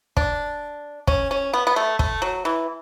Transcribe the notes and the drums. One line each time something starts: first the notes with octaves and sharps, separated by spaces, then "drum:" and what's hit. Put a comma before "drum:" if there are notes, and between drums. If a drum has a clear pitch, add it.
D4, drum: kick
C#4, drum: kick
C#4
B3
B3
A3
A3, drum: kick
F#3
E3